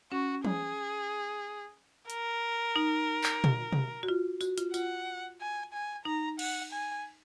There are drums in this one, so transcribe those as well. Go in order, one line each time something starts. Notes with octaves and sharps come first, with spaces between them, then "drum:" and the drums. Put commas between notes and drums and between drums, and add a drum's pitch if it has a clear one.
C#4 F#4
G#4, drum: tom E3
A#4, drum: hi-hat
D#4
drum: clap
drum: tom
drum: tom B2
F#4
F4
F#4, drum: tambourine
F4, drum: hi-hat
F4 F#5, drum: tambourine
G#5
G#5
D#4 A#5
F#5, drum: cymbal
G#5